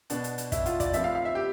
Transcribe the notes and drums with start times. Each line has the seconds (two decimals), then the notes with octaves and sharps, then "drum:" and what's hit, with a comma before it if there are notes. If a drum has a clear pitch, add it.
0.10 B2 B3 D4, drum: hi-hat
0.24 drum: hi-hat
0.38 drum: hi-hat
0.52 E4, drum: kick, hi-hat
0.66 F4, drum: hi-hat
0.80 D5, drum: kick, hi-hat
0.93 A2 F3 C4 E5, drum: hi-hat
1.04 F5
1.15 F5
1.25 E5
1.35 G4